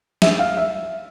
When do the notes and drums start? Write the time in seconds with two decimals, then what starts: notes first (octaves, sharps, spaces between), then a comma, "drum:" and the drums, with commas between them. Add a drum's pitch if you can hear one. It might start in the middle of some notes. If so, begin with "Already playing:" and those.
0.22 E5, drum: snare
0.39 F5
0.57 E5